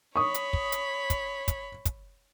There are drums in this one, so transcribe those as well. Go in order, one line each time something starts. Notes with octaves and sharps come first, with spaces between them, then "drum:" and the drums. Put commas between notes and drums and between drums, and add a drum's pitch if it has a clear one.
C#5 B5 C#6 D#6
drum: hi-hat
drum: kick
drum: hi-hat
drum: kick, hi-hat
drum: kick, hi-hat
drum: kick, hi-hat